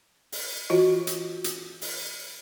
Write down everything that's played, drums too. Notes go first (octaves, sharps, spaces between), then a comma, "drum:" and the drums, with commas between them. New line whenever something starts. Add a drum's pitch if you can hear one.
drum: open hi-hat
E3 F4 F#4 D#5
drum: hi-hat
drum: hi-hat
drum: open hi-hat